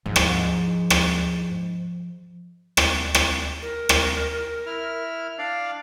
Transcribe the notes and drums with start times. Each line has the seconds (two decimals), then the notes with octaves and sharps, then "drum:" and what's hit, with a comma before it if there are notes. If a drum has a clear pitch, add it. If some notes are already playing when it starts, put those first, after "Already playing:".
0.06 G#2 F3
0.16 drum: rim click
0.90 drum: rim click
2.77 drum: rim click
3.15 drum: rim click
3.62 A#4
3.89 drum: rim click
4.66 E4 F6
5.39 D4 D5 F5